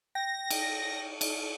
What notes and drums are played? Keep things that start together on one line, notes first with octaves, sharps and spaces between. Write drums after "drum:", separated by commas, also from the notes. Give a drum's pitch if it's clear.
G5 A#6
drum: cymbal
drum: cymbal